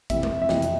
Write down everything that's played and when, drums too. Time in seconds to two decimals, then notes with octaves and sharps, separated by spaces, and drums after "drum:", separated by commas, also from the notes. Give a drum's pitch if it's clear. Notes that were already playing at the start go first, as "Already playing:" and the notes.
0.10 F2 C3 E3 E5, drum: kick, hi-hat
0.23 drum: tom G#3
0.42 E5
0.49 F2 C3 E3 D#5, drum: snare
0.62 drum: hi-hat